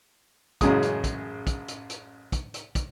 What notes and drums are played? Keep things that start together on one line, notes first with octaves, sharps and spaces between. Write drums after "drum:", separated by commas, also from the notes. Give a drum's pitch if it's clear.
A1 F#2 C#3 F#3 G#3 D#6, drum: kick, hi-hat
drum: hi-hat
drum: kick, hi-hat
drum: kick, hi-hat
drum: hi-hat
drum: hi-hat
drum: kick, hi-hat
drum: hi-hat
drum: kick, hi-hat